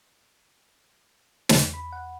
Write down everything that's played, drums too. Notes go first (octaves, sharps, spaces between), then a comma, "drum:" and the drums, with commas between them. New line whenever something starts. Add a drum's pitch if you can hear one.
E2, drum: snare
B5
F#5